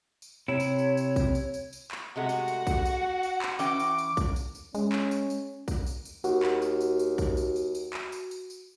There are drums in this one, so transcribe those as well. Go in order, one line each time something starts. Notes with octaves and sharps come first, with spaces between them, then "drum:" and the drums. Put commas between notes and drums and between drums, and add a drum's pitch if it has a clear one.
drum: tambourine
C3 E4 C#5
drum: tambourine
drum: tambourine
drum: tambourine
drum: kick A#1, tambourine
drum: tambourine
drum: tambourine
drum: tambourine
drum: clap
C3 G#3 A3 F#4 F#5
drum: tambourine
drum: tambourine
drum: kick A#1, tambourine
drum: tambourine
drum: tambourine
drum: clap
E3 C#4 G5 D6, drum: tambourine
drum: tambourine
drum: tambourine
drum: kick A#1, tambourine
drum: tambourine
drum: tambourine
G#3 C#4, drum: tambourine
drum: clap
drum: tambourine
drum: tambourine
drum: kick A#1, tambourine
drum: tambourine
drum: tambourine
D#2 F#4, drum: tambourine
drum: clap
drum: tambourine
drum: tambourine
drum: tambourine
drum: kick A#1, tambourine
drum: tambourine
drum: tambourine
drum: tambourine
drum: clap
drum: tambourine
drum: tambourine
drum: tambourine